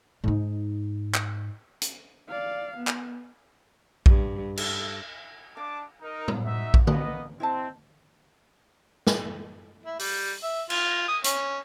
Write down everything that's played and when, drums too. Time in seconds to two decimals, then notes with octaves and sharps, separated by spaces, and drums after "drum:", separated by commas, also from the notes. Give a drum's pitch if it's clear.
0.24 G#2 D#4
1.14 drum: clap
1.82 drum: hi-hat
2.29 D5 F5
2.77 B3
2.87 drum: clap
4.06 G2, drum: kick A#1
4.57 A4, drum: cymbal
5.57 D4 F5 A5 D6
6.01 D#4 A#4
6.28 drum: tom
6.44 D#4 F#4 E5
6.74 drum: kick A#1
6.87 A#3 B3 D#5, drum: tom D3
7.40 C4 E4 D#5 A5
9.07 drum: snare
9.86 E4
9.99 G3, drum: open hi-hat
10.43 E5
10.70 F4, drum: cymbal
11.08 D#6
11.24 C#4, drum: hi-hat